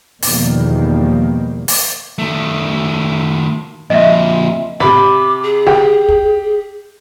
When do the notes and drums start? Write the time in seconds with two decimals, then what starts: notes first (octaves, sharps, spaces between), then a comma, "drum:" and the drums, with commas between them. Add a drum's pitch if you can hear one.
0.22 E2 B2 D#3 F3 G3 A#3, drum: open hi-hat
1.68 drum: open hi-hat
2.19 D#3 A3
3.90 F2 A#2 D#5 E5
4.80 C3 B5 D6, drum: snare
5.43 G#4
5.66 G4, drum: snare
6.09 drum: kick